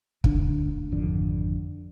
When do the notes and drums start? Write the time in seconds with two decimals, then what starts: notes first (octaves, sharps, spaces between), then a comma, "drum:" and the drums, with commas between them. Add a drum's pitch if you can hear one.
0.24 D2 D3 D4, drum: kick
0.91 G#1 F2 D3